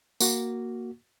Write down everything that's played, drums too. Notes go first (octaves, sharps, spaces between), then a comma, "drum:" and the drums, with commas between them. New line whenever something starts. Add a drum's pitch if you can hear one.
A#3 F#4, drum: tambourine